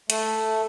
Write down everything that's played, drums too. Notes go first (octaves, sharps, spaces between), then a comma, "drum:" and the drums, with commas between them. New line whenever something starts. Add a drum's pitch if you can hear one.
A3, drum: hi-hat